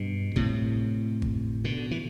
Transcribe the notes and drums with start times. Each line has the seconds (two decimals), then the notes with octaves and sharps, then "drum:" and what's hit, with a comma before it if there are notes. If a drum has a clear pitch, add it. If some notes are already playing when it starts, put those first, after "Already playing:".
Already playing: G2 B2
0.36 A2 C3, drum: kick G#1
1.22 drum: kick G#1
1.64 B2 D3
1.91 E3